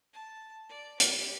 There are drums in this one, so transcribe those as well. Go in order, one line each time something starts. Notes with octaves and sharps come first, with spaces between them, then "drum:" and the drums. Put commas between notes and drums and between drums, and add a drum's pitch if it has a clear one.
A5
D5
G4, drum: hi-hat